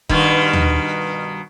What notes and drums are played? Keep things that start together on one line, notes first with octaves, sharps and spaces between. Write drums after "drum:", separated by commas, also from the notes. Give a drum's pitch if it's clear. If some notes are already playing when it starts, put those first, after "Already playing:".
G2 B2 D#3, drum: kick
drum: tom